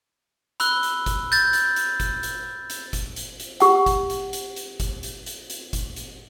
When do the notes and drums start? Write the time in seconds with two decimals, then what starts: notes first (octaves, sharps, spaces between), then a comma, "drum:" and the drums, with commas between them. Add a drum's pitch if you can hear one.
0.60 B5 E6 F#6 G7, drum: hi-hat
0.83 drum: hi-hat
1.06 drum: kick G1, hi-hat
1.32 G6 A6, drum: hi-hat
1.53 drum: hi-hat
1.76 drum: hi-hat
2.00 drum: kick G1, hi-hat
2.23 drum: hi-hat
2.70 drum: hi-hat
2.93 drum: kick G1, hi-hat
3.16 drum: hi-hat
3.40 drum: hi-hat
3.60 G4 F#5, drum: hi-hat
3.86 drum: kick G1, hi-hat
4.10 drum: hi-hat
4.33 drum: hi-hat
4.56 drum: hi-hat
4.80 drum: kick G1, hi-hat
5.03 drum: hi-hat
5.26 drum: hi-hat
5.50 drum: hi-hat
5.73 drum: kick G1, hi-hat
5.96 drum: hi-hat